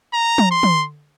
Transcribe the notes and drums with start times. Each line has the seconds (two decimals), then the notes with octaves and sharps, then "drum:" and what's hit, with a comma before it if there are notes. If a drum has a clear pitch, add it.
0.13 A#5
0.38 drum: tom
0.51 C6
0.63 drum: tom